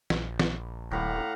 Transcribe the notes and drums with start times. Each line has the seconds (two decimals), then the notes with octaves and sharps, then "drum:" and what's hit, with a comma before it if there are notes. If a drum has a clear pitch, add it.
0.10 A#1, drum: snare
0.39 drum: snare
0.91 D#1 A2 F5 F#5 A#5 B5 D6